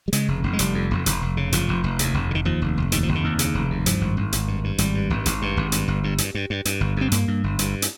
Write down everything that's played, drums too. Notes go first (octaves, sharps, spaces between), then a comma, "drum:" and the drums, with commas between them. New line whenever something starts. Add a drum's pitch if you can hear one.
G3
C#3 G#3, drum: hi-hat
F1
F1
G#3
F1 G3, drum: hi-hat
F2
F1
F1, drum: hi-hat
F1
C#3
F1 F3, drum: hi-hat
F1
F1
D#2, drum: hi-hat
F1
C#3
D#3
D#2 F3
F1
F1
D#2 D#3, drum: hi-hat
F3
F1
D#3
D#2
C#3, drum: hi-hat
F1
D#2
G2 F3, drum: hi-hat
G#1
G#1
G#1, drum: hi-hat
G2
G2
G#1 G3, drum: hi-hat
G2
G#1
G#1, drum: hi-hat
G2
G#1
G2, drum: hi-hat
G1
G2
G2, drum: hi-hat
G2
G2
G2, drum: hi-hat
G1
G2 C4
G2 A#3, drum: hi-hat
G2
G1
G2, drum: hi-hat
drum: hi-hat